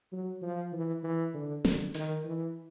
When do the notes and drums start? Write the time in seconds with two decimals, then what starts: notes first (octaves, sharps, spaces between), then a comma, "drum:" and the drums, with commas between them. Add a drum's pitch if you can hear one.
0.12 F#3
0.42 F3
0.72 E3
1.03 E3
1.34 D3
1.65 D3, drum: snare
1.94 D#3, drum: open hi-hat
2.25 E3